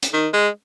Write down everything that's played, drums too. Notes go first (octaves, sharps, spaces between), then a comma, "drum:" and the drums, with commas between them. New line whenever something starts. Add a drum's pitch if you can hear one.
drum: hi-hat
D#3
G#3